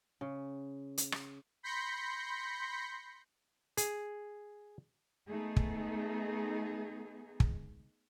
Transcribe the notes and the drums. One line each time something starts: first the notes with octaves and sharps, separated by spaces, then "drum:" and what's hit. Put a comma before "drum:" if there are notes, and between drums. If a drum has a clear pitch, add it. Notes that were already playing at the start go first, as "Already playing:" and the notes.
C#3
drum: hi-hat
drum: rim click
B5 C6 G6 A#6 B6 C#7
G#4, drum: hi-hat
A3 B3 D#4 G#4
drum: kick
drum: kick